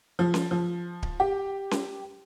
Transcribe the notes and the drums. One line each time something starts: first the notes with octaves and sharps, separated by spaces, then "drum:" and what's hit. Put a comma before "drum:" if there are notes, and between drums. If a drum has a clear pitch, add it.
F3
drum: snare C#4
F3
drum: kick D1
G4
drum: snare C#4